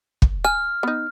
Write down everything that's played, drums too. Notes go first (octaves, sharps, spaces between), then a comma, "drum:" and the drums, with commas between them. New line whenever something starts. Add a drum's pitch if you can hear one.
drum: kick
G#5 F6
B3 D#4